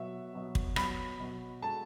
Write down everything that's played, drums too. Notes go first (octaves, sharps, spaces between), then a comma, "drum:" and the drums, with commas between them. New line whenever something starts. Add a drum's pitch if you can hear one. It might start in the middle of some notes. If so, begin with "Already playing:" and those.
Already playing: B2 F#3 B3 F#4 E5
B2 F#3 B3 F#4
drum: kick
B2 F#3 B3 F#4 B5, drum: rim click
B2 F#3 B3 F#4
G#3 D4 F#4 A4 A5